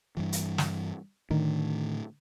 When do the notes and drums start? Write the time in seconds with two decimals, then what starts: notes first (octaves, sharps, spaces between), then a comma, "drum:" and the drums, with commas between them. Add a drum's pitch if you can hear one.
0.17 G2 E3
0.33 drum: hi-hat
0.58 drum: snare
1.31 A2 D3 D#3